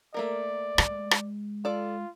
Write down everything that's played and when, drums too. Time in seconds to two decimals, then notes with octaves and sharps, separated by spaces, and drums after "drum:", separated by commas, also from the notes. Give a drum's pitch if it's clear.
0.14 A3 A#3 A#4 D5
0.78 G#3, drum: rim click
1.11 drum: rim click
1.65 F4 A4 D5